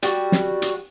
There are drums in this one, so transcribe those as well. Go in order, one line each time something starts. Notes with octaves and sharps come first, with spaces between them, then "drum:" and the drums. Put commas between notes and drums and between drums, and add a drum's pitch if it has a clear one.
G3 F#4, drum: hi-hat
drum: snare
drum: hi-hat